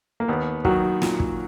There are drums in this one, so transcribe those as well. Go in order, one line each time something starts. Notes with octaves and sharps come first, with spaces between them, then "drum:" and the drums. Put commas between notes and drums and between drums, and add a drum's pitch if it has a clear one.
A#3
D#2 B3
D#3 F#3 F#4, drum: kick
A#2, drum: snare
drum: kick